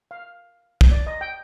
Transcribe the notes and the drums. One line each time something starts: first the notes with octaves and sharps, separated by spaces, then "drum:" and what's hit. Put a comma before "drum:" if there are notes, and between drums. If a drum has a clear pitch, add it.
F5
drum: kick
D5
D#5
G5